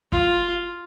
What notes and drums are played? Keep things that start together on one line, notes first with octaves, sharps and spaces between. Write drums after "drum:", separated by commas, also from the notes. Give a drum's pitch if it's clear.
F4, drum: kick